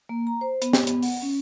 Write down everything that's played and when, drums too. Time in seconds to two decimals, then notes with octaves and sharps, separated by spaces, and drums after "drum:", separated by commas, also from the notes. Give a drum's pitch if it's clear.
0.09 A#3
0.27 A#5
0.41 C5
0.62 B3, drum: hi-hat
0.73 G4, drum: snare
0.87 B3, drum: hi-hat
1.03 F#5, drum: open hi-hat
1.22 C#4